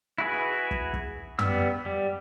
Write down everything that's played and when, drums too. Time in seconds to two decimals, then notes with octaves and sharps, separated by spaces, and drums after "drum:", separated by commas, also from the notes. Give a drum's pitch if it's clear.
0.18 E4 F#4 G#4 B4
0.71 drum: kick
0.93 drum: kick
1.39 G3 B3 E6, drum: tom
1.86 G3